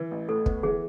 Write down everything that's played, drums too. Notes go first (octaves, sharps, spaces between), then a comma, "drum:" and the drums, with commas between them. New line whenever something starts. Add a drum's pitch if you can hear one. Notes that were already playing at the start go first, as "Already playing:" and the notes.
Already playing: E3 B4
A1
A2 A4
B3, drum: kick
E3 G#4